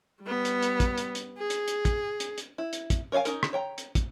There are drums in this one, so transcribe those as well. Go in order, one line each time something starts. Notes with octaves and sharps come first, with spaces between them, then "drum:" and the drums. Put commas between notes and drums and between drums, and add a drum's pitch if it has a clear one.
G3 B3
drum: hi-hat
drum: hi-hat
drum: kick, hi-hat
drum: hi-hat
drum: hi-hat
G#4
drum: hi-hat
drum: hi-hat
drum: kick, hi-hat
drum: hi-hat
drum: hi-hat
E4
drum: hi-hat
drum: kick, hi-hat
A#4 C#5 D#5 F5 G#5
C#4 D#4 A#4, drum: hi-hat
drum: rim click
C#5 G5 A#5
drum: hi-hat
drum: kick, hi-hat